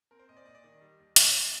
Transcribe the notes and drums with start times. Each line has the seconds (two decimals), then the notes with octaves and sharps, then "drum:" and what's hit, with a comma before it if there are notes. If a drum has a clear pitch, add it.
0.11 C4 A#4
0.19 C5
0.29 A#2 D#5
0.37 D5
0.45 A#2 D#5
0.55 D5
0.63 D#3 D#5
0.81 G3
0.99 D#2
1.16 D#2, drum: hi-hat
1.34 C3 F5
1.42 D#5